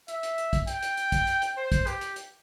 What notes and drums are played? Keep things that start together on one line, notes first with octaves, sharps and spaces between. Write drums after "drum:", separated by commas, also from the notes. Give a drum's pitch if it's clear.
E5, drum: hi-hat
drum: hi-hat
drum: hi-hat
drum: kick, hi-hat
G5, drum: hi-hat
drum: hi-hat
drum: hi-hat
drum: kick, hi-hat
drum: hi-hat
drum: hi-hat
C5
drum: kick, hi-hat
G4, drum: hi-hat
drum: hi-hat
drum: hi-hat